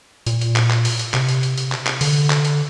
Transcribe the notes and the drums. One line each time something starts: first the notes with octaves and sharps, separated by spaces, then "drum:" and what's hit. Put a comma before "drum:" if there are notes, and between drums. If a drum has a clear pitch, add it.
A#2, drum: hi-hat
drum: hi-hat
drum: clap
drum: clap
drum: open hi-hat
drum: hi-hat
C3, drum: clap
drum: hi-hat
drum: hi-hat
drum: hi-hat
drum: clap
drum: clap
D3, drum: open hi-hat
drum: clap
drum: hi-hat